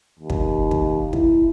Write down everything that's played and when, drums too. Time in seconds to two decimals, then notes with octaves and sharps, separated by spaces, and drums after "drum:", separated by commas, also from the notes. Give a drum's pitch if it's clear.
0.20 D#2
0.30 drum: kick
0.71 drum: kick
1.13 E4, drum: kick